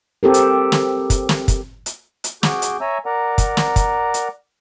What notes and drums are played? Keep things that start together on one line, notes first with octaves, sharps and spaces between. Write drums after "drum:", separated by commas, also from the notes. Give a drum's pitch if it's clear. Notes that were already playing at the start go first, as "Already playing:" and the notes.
C4 G4 A4 A#4
drum: hi-hat
drum: snare
drum: kick, hi-hat
drum: snare
drum: kick, hi-hat
drum: hi-hat
drum: hi-hat
F#4 G#4 D6 G6, drum: snare
drum: hi-hat
C#5 E5 G#5 A#5 E6
A#4 D5 F#5 A#5
drum: kick, hi-hat
drum: snare
drum: kick, hi-hat
drum: hi-hat